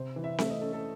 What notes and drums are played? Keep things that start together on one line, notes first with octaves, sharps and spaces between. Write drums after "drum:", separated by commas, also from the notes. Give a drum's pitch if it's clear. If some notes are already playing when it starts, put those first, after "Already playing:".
Already playing: C3 C5
E3
E5
A3 E5, drum: snare C4
D#5
C#4 A4
A4